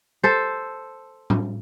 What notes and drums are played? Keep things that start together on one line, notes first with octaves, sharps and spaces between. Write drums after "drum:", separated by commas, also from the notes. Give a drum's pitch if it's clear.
A4 C5
drum: tom